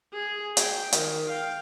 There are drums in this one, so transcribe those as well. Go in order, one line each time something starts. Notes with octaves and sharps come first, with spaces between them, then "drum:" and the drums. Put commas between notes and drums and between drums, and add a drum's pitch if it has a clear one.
G#4
G5, drum: hi-hat
D#3, drum: hi-hat
F5 G5